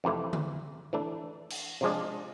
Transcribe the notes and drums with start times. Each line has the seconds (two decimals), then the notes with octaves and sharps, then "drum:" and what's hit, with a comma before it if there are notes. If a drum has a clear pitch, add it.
0.04 F2 C3 E3 A3 E4
0.33 drum: tom D3
0.93 E3 A3 D4
1.50 drum: cymbal
1.81 C3 F3 G#3 D4